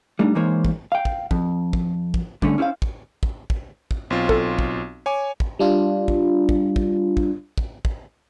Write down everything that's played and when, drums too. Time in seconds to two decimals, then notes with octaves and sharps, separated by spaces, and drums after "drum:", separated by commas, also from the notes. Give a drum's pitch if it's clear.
0.19 G3 A3 D4 D#4
0.35 E3 G#3 A#3 D#4 C5 C#5
0.65 drum: kick
0.92 F5 G5
1.05 drum: kick
1.31 F2, drum: kick
1.73 drum: kick
2.14 drum: kick
2.42 G2 D3 A3 C#4, drum: kick
2.58 C#4 E4 G4 C5 F5
2.82 drum: kick
3.23 drum: kick
3.50 drum: kick
3.91 drum: kick
4.10 B1 C4 F4
4.29 A4, drum: kick
4.59 drum: kick
5.06 C#5 G#5 D6
5.40 drum: kick
5.59 G3 D4 F4
6.08 drum: kick
6.49 drum: kick
6.76 drum: kick
7.17 drum: kick
7.58 drum: kick
7.85 drum: kick